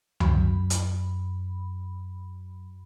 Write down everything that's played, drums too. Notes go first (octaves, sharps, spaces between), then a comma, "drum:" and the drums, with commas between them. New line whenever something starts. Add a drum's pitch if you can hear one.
F#2 B5, drum: tom C#2
drum: hi-hat